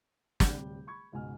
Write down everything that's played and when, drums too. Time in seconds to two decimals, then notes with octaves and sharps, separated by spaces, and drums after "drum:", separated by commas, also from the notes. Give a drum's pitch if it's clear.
0.40 D1 C3 G3 G6, drum: snare
0.87 B5 C#6 G#6
1.12 C#2 G#2 B2 G#5 F6